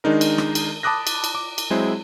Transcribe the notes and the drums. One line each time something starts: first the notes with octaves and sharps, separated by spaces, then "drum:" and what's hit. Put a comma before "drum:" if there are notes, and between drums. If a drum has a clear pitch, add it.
D#3 G#3 D4 D#4 A#4
drum: cymbal
drum: rim click
drum: cymbal
A5 B5 D6 D#6 F#6 A#6
drum: cymbal
drum: cymbal
D6
drum: cymbal
F#3 G#3 C4 E4 G#4 C5